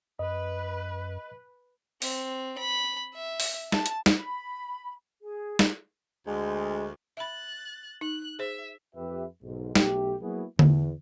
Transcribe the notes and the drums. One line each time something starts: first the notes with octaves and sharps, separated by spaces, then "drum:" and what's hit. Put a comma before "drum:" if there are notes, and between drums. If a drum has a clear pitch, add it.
F#2 B4 D#5
C4, drum: open hi-hat
B5
E5
drum: open hi-hat
A5, drum: snare
drum: hi-hat
drum: snare
B5
G#4
drum: snare
D2 G#3
E5 B5 F#6 A6
D#4 F#6
G#4 C5 E5
F2 G4 B4 E5
B1 G#2
B1 A3 G4, drum: snare
F#3 A#3 B3 E4 F#4 G#4
E2, drum: tom D3